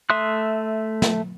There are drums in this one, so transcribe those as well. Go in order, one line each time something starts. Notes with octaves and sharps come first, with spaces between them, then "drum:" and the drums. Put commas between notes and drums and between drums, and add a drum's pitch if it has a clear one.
A3 E5 C6 D#6 F#6
drum: snare